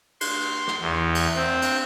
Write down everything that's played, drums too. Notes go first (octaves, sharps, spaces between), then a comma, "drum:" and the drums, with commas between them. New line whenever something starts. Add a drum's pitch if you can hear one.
C6, drum: cymbal
drum: rim click
E2
drum: cymbal
C4
drum: cymbal